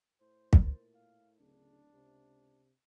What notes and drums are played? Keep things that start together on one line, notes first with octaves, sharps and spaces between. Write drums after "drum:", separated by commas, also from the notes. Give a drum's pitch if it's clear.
A2 C5
A#2 A#4 A6, drum: kick
F5
D1 C#3 D4
C#2 C3